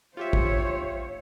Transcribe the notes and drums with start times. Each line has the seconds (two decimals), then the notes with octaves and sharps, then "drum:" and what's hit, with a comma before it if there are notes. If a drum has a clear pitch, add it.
0.17 F4 G4 C5 C#5 E5
0.33 drum: kick